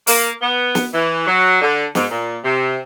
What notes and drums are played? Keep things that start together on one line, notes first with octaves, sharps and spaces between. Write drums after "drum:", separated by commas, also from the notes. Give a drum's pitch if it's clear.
A#3, drum: open hi-hat
B3
drum: snare
E3
F#3
D3
G#2, drum: snare
A#2
C3